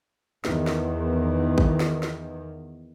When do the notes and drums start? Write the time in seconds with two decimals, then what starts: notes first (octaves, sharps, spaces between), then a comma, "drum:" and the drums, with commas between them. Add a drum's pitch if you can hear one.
0.45 E2 D#3, drum: snare
0.67 drum: snare
1.58 drum: kick
1.80 drum: snare
2.03 drum: snare